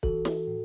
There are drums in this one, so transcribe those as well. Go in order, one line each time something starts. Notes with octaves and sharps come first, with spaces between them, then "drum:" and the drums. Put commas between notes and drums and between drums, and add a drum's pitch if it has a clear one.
E3 F#4 A4, drum: kick
drum: snare
A2